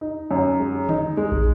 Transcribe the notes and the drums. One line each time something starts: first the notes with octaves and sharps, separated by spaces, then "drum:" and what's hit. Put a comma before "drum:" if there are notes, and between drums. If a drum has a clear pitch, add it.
D#4
F#2
G#3
D#4, drum: tom D3
G#3
drum: kick